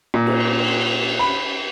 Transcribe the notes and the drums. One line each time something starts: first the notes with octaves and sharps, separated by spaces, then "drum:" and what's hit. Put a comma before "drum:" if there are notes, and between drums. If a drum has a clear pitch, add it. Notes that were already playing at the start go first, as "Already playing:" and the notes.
A#2
drum: cymbal
B5